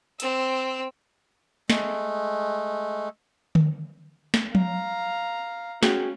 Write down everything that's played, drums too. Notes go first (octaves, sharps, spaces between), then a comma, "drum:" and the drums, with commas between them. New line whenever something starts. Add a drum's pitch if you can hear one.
C4 E6, drum: hi-hat
G#3 A3, drum: snare
drum: tom D3
drum: snare
F5 A#5, drum: tom F3
C#4 F#4 G#4 G5, drum: snare